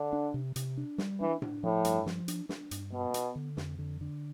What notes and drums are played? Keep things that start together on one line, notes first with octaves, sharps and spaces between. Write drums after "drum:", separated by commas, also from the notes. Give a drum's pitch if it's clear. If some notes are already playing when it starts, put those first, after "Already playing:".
Already playing: D3
D4
C3
C3, drum: hi-hat
D4
G3, drum: snare
E3 D4
D4, drum: tom A2
A2 F3
G2, drum: hi-hat
F3, drum: snare
D4, drum: hi-hat
D4, drum: snare
G2, drum: hi-hat
B2 B3
B3, drum: hi-hat
D3
F2, drum: snare
D3
D3